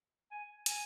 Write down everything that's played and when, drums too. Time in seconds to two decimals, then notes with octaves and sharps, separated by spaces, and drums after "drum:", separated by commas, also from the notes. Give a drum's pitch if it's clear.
0.31 G#5
0.66 G#5, drum: hi-hat